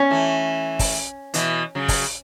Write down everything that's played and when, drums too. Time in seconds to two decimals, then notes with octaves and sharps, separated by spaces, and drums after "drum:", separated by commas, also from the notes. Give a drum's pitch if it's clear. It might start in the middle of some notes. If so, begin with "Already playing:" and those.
Already playing: C#4
0.11 E3 A3
0.79 drum: kick, open hi-hat
1.34 B2 E3, drum: hi-hat
1.75 C#3 F#3
1.88 drum: kick, open hi-hat